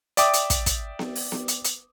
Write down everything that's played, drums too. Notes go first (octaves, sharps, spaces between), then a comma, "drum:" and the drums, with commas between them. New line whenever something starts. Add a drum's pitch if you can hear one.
D5 E5 G5 D6 D#6, drum: hi-hat
drum: hi-hat
drum: kick, hi-hat
drum: kick, hi-hat
drum: snare B3
drum: open hi-hat
drum: snare B3
drum: hi-hat
drum: hi-hat